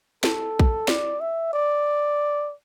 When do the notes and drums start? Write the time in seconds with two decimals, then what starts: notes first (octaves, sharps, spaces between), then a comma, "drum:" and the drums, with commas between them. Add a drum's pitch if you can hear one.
0.24 A4, drum: snare
0.59 drum: kick A#1
0.88 D5, drum: snare
1.20 E5
1.53 D5